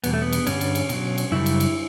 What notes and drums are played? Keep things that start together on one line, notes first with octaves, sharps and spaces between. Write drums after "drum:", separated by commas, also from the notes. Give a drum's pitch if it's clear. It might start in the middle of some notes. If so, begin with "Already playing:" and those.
E2 B2 G3 B3, drum: cymbal
A3
B3
drum: cymbal
G2 D3 G3 C#4, drum: cymbal
drum: cymbal
drum: cymbal
B2 F#3, drum: cymbal
drum: cymbal
F#2 C#3 G3 E4
drum: cymbal
drum: cymbal